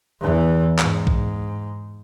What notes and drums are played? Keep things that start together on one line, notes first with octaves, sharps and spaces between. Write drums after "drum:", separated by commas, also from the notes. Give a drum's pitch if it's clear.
E2 E3
G#2, drum: clap
drum: kick